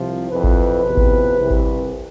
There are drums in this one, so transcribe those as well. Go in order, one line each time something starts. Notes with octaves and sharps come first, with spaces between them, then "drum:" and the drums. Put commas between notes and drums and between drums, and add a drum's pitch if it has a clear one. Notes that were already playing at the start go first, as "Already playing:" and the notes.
Already playing: C2 C3 F3
F2 E3 B4
drum: kick G#1
E2 C3 F3
drum: kick G#1
C2 C3 E3
drum: kick G#1